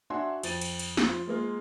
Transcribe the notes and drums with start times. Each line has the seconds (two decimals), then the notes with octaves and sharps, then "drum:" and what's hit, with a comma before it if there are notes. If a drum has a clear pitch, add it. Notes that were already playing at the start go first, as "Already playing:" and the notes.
0.10 D4 F#4 E5 F#5 G#5 C6
0.43 F2 A6 D#7, drum: cymbal
0.61 drum: cymbal
0.79 drum: cymbal
0.97 drum: snare
1.08 F3 F4
1.27 G#3 A#3 F4